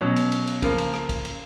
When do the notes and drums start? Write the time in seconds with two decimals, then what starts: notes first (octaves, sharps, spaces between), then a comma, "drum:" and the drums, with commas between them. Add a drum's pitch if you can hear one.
0.01 B2 F#3 C#4
0.16 drum: cymbal
0.32 drum: cymbal
0.47 drum: cymbal
0.62 C#3 F3 A#3, drum: kick, cymbal
0.78 drum: cymbal
0.94 drum: rim click
1.09 drum: kick, cymbal
1.25 drum: cymbal